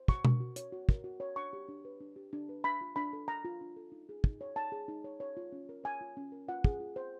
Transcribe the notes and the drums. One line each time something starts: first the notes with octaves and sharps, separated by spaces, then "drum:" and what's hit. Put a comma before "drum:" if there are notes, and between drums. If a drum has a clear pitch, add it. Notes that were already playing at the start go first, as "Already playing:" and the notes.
Already playing: C5
F#4 C#6, drum: kick
A#4, drum: tom B2
F#4
C#5, drum: hi-hat
F#4
A#4, drum: kick
F#4
C#5
D4 C#6
G4
D4
B4
D4
G4
D4
B4
D4 B5
F4
D4 B5
A4
D4 A#5
F4
D4
A4
D#4
G#4
D#4, drum: kick
C#5
D#4 A5
G#4
D#4
C#5
C#5
F4
C#4
A#4
C#5 G#5
F4
C#4
A#4
F4 F#5
G#4, drum: kick
F4
C5